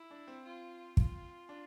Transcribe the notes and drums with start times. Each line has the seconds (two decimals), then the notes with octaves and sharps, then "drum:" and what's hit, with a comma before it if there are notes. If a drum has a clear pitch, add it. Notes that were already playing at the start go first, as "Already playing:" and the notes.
Already playing: E4
0.11 D4
0.28 C4
0.45 F4
0.97 F4, drum: kick
1.49 D4